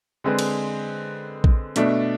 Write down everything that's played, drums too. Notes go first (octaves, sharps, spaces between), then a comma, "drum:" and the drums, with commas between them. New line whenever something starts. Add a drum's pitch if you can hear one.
D3 G#3 C4 G#4 B4
drum: cymbal
drum: kick A#1
B2 A3 D4, drum: hi-hat